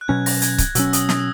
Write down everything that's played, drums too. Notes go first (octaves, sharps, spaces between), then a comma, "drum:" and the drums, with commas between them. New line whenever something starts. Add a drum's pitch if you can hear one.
F#6
B2 F#3 C#4 G#6
A#6, drum: open hi-hat
G#6, drum: hi-hat
G#6, drum: kick C#1, hi-hat
B2 F#3 C#4 E6, drum: hi-hat
D#6, drum: hi-hat
D#6, drum: snare